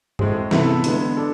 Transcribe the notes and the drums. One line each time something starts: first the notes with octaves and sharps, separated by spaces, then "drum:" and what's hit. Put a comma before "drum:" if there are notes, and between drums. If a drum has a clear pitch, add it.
A2 G#3 C4 G#4, drum: tom G2
C3 E3 B3 E4 A4, drum: snare
D3 G#3 B3, drum: hi-hat
D4 A4